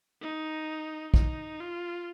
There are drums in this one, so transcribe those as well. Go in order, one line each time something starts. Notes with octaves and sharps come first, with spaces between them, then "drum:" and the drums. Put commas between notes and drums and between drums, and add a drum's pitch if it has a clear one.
D#4
D#4, drum: kick A#1
F4